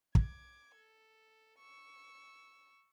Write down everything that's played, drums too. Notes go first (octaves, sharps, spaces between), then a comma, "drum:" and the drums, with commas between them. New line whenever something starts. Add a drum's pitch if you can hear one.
D6 G#6, drum: kick
A4
C#6 E6